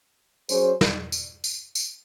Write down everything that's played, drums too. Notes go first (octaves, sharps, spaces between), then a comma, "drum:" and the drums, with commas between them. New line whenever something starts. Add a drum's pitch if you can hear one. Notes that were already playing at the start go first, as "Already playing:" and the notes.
F#3 C#4 G#4 C5, drum: tambourine
drum: snare
drum: tambourine
drum: tambourine
drum: tambourine